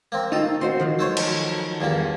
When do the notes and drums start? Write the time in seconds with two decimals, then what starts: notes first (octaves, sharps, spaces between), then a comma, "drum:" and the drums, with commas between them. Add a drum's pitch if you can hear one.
0.12 A#3 C4
0.32 D#3 D#4 F4 A4
0.61 C4 F#4 C5 C6
0.80 D#3 F3 F#3
0.99 A3 C5 C#5
1.17 drum: cymbal
1.80 E2 G2 A#3